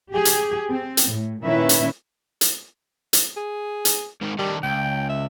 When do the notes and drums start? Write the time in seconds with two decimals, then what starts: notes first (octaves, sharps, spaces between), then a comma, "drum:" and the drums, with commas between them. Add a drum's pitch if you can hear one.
0.10 G4 G#4
0.25 drum: hi-hat
0.71 C4
0.97 drum: hi-hat
1.11 A2
1.42 A#2 D#3 C#4 E4 B4 E5
1.69 drum: hi-hat
2.41 drum: hi-hat
3.13 drum: hi-hat
3.37 G#4
3.85 drum: hi-hat
4.22 G#2 D#3
4.39 D#3 G3 D4
4.63 C#2 G5
5.09 E5